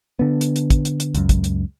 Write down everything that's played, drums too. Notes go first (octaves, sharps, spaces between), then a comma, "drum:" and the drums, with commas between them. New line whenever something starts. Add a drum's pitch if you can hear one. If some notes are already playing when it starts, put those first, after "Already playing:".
D3 B3
drum: hi-hat
drum: hi-hat
drum: kick, hi-hat
drum: hi-hat
drum: hi-hat
C#2 F#2, drum: hi-hat
drum: kick, hi-hat
drum: hi-hat